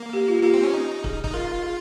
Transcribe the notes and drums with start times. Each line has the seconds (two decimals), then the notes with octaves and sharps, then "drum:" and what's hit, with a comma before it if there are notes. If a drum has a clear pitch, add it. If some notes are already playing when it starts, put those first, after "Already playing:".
Already playing: A#3
0.13 G4
0.28 F4
0.39 F4
0.43 A#3 G4
0.54 C4
0.63 C#4
0.74 D#4
1.04 G#4, drum: kick
1.24 D#4 G#4, drum: kick
1.33 F4 A#4
1.63 G#4